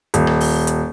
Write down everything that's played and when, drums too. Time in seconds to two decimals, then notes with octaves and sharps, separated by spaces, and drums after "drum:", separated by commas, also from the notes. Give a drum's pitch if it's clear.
0.14 D#1, drum: hi-hat
0.27 drum: rim click
0.40 drum: open hi-hat
0.67 drum: hi-hat